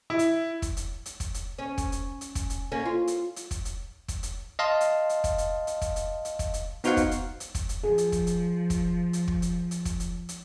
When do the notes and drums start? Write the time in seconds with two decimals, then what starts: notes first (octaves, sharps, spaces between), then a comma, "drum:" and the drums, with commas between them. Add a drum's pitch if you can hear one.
0.10 E4
0.19 drum: hi-hat
0.62 drum: kick, hi-hat
0.77 drum: hi-hat
1.06 drum: hi-hat
1.20 drum: kick, hi-hat
1.34 drum: hi-hat
1.58 C#4
1.78 drum: kick, hi-hat
1.92 drum: hi-hat
2.21 drum: hi-hat
2.35 drum: kick, hi-hat
2.50 drum: hi-hat
2.72 A#3 C#4
2.85 F4
3.07 drum: hi-hat
3.36 drum: hi-hat
3.51 drum: kick, hi-hat
3.65 drum: hi-hat
4.08 drum: kick, hi-hat
4.23 drum: hi-hat
4.59 D#5 F5 A5 C6
4.81 drum: hi-hat
5.09 drum: hi-hat
5.24 drum: kick, hi-hat
5.38 drum: hi-hat
5.67 drum: hi-hat
5.82 drum: kick, hi-hat
5.96 drum: hi-hat
6.25 drum: hi-hat
6.39 drum: kick, hi-hat
6.54 drum: hi-hat
6.84 B3 D#4 F#4 C5 F5 F#5, drum: hi-hat
6.97 drum: kick, hi-hat
7.11 drum: hi-hat
7.40 drum: hi-hat
7.55 drum: kick, hi-hat
7.69 drum: hi-hat
7.83 F3 G#4
7.98 drum: hi-hat
8.12 drum: kick, hi-hat
8.27 drum: hi-hat
8.70 drum: kick, hi-hat
9.13 drum: hi-hat
9.28 drum: kick
9.42 drum: hi-hat
9.71 drum: hi-hat
9.85 drum: kick, hi-hat
10.00 drum: hi-hat
10.29 drum: hi-hat